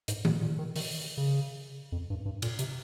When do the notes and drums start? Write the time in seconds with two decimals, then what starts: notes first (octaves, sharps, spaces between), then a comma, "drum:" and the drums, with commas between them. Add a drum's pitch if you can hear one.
0.08 G#2, drum: hi-hat
0.25 A#2, drum: tom D#3
0.42 A#2
0.59 D#3
0.76 D#3, drum: open hi-hat
1.17 C#3
1.92 F2
2.10 G2
2.25 G2
2.42 A#2, drum: cymbal
2.59 C3, drum: hi-hat